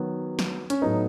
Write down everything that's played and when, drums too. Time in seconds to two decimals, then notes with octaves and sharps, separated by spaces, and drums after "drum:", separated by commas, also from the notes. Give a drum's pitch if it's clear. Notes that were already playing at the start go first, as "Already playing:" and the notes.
Already playing: D#3 F#3 B3
0.39 drum: snare
0.70 C#4, drum: hi-hat
0.82 A2 F#3 B3 D#4